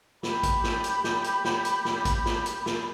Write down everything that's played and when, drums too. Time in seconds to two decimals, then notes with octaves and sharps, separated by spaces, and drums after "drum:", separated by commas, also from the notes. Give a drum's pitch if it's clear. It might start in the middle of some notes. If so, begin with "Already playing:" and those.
0.23 G4 B5, drum: snare
0.43 drum: kick, hi-hat
0.64 drum: snare
0.84 drum: hi-hat
1.04 drum: snare
1.24 drum: hi-hat
1.45 drum: snare
1.65 drum: hi-hat
1.85 drum: snare
2.05 drum: kick, hi-hat
2.25 drum: snare
2.46 drum: hi-hat
2.66 drum: snare